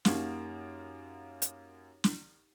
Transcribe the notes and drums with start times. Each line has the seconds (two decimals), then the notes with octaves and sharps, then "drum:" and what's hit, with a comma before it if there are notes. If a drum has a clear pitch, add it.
0.05 F#2 A#3 D#4 G4 F#5, drum: snare
1.42 drum: hi-hat
2.04 drum: snare